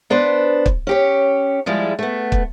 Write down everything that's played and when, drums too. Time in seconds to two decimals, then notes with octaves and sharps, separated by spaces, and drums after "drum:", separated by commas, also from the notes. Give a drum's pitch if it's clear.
0.10 B3 D4 B4 C5
0.66 drum: kick
0.87 C#4 G4 C#5
1.66 F3 G3 G#3 E4
1.99 A3 B3
2.32 drum: kick